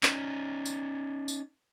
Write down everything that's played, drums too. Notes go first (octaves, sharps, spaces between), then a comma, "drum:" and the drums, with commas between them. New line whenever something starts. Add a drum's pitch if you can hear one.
C#4 D#4, drum: clap
drum: tambourine
drum: tambourine